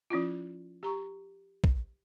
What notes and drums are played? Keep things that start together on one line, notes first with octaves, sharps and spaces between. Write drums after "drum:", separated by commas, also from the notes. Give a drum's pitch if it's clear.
F3 C#4 E4 F4
G4 A#5 C#6
drum: kick